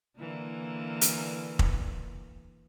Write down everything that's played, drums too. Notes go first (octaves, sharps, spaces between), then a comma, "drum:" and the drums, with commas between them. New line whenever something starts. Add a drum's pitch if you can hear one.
D3 E3 A#3
drum: hi-hat
drum: kick